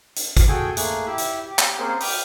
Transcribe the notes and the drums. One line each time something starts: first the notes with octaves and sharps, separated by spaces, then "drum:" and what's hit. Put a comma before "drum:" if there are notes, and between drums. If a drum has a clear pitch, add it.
drum: hi-hat
drum: kick, hi-hat
F#4 G#4 A4 G5 G#5
A3 A#3 G#4 F#6, drum: hi-hat
E4 G4 E5
drum: hi-hat
G4
drum: clap
A#3 C4 C#4 G#4 A#4 C5
G5 B5 D6 D#6 F6 G6, drum: open hi-hat